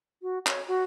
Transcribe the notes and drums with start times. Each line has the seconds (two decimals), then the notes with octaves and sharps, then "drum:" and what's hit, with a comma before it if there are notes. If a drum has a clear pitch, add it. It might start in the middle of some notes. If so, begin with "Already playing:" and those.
0.22 F#4
0.47 C#5, drum: clap
0.68 F#4